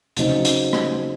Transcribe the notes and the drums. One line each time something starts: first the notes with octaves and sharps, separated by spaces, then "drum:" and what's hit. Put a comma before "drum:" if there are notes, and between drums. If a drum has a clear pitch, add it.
C#3 F#3 C4 D#4, drum: hi-hat
drum: hi-hat
drum: rim click